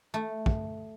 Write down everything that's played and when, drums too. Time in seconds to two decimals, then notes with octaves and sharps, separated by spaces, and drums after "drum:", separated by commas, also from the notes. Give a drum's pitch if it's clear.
0.14 A3
0.46 drum: kick